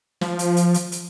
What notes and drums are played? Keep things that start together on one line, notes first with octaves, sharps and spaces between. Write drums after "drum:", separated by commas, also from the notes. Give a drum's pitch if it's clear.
F3, drum: snare
drum: hi-hat
drum: hi-hat
drum: hi-hat
drum: hi-hat